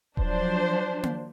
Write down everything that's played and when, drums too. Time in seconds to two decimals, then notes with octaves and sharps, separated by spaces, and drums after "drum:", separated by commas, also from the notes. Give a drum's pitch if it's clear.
0.17 F3 F#3 D4 C5, drum: kick D#1
1.03 drum: tom A#3